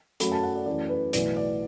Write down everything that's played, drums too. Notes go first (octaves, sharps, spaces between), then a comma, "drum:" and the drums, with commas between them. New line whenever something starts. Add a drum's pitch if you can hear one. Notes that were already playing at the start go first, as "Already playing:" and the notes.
F#2 F#3 A3 B5, drum: hi-hat
A5
F#5
D5
F#2 E3 A3 D5
B4
B1 A2 E3 B3 D5, drum: hi-hat
D5